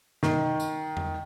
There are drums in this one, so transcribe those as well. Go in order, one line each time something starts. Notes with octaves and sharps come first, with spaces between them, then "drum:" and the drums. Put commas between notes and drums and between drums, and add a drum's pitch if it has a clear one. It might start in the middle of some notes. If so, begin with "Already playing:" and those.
D#3, drum: snare
drum: tambourine
drum: tom E2